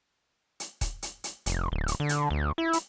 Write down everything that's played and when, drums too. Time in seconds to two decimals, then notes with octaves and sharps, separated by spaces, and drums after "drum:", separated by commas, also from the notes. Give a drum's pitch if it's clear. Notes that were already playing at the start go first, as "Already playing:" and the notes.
0.60 drum: hi-hat
0.81 drum: kick, hi-hat
1.02 drum: hi-hat
1.24 drum: hi-hat
1.46 F1, drum: hi-hat
1.72 D1
1.88 drum: hi-hat
2.00 D3
2.09 drum: hi-hat
2.30 D2
2.58 E4
2.73 drum: hi-hat